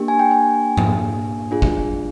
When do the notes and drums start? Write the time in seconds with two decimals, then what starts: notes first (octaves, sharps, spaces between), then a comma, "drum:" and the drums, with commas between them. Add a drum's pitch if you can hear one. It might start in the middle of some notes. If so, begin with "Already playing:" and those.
Already playing: A#3 D4 G4
0.08 G#5
0.19 G5
0.31 G#5
0.77 drum: tom G#2
1.51 D4 F4 G#4
1.62 drum: kick